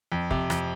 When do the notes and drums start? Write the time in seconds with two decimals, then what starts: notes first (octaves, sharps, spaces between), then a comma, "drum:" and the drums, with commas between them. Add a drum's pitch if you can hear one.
0.12 F2
0.31 C3, drum: kick
0.50 F2, drum: rim click